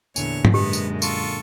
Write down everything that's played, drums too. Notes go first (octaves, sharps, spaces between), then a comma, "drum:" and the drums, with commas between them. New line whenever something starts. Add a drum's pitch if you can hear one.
E2 A#2 D3 C#5 G#5, drum: tambourine
drum: tom G#2
F#2 G#3 B3 G4
drum: tambourine
F4 A4 C#6, drum: tambourine